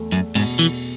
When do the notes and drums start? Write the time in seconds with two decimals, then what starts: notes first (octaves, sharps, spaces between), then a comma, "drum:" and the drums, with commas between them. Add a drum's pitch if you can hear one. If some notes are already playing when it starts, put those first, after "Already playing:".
Already playing: E2 A3
0.12 F#2
0.35 G#2 B2, drum: cymbal
0.59 E3